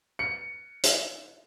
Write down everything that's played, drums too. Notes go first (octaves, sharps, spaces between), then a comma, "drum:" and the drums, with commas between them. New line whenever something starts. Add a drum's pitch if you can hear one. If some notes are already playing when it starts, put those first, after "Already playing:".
C#7
drum: hi-hat